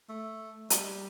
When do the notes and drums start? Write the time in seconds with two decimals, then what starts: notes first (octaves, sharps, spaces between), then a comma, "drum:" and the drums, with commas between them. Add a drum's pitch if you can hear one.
0.09 A3
0.70 G3, drum: hi-hat